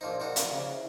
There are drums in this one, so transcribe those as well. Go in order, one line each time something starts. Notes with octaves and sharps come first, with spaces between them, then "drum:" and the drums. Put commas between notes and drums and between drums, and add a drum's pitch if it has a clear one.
A#1 F3 D#4 C5 D5 D6
F3 D#4 F#4
drum: hi-hat
C#3
E4 E5